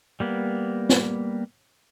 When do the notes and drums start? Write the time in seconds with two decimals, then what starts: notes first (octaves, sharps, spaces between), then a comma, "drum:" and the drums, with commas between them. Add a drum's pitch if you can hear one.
0.20 G3 A#3 B3
0.89 drum: snare